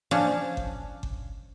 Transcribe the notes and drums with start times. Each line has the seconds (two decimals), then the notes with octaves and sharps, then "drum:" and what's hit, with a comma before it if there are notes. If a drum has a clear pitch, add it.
0.11 F3 C#4 D4
0.57 drum: kick G1
1.03 drum: kick G1